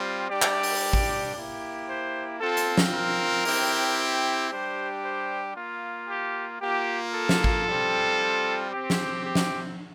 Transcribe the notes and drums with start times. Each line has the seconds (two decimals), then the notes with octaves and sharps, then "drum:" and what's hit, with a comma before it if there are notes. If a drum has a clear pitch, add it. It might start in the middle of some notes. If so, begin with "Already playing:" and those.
Already playing: G3 C4 F4
0.30 G3 D4 G4 D5
0.42 drum: clap
0.63 drum: open hi-hat
0.93 drum: kick
1.34 A#3 E4 G4
1.87 C5
2.40 C4 F4 A4
2.57 drum: hi-hat
2.78 drum: snare
2.93 A#4
3.45 C4 E4 G4, drum: open hi-hat
4.50 G3 D4 G4 C5
5.03 C5
5.56 A#3 F4
6.08 G4
6.61 A#3 F4 G4
7.14 A4
7.29 drum: snare
7.44 drum: kick
7.66 G3 C4 F4
8.71 C4 G4
8.90 drum: snare
9.24 G4
9.35 drum: snare